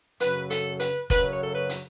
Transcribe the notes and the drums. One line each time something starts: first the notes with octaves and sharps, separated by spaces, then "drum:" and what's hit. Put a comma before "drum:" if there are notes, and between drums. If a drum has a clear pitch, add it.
F#2 C#3 F#3 B4, drum: hi-hat
A4, drum: hi-hat
B4, drum: hi-hat
F#2 C#3 F#3 B4, drum: kick F1, hi-hat
C#5
A4
B4
drum: hi-hat